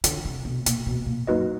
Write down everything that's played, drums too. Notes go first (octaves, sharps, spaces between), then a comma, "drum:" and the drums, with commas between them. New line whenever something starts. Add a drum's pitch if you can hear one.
D3 F4 A4 C#5 F#5 A5, drum: hi-hat
C3
B2
A#2, drum: hi-hat
B2
A#2
F#2 A#3 D#4 F#4 B4 D#5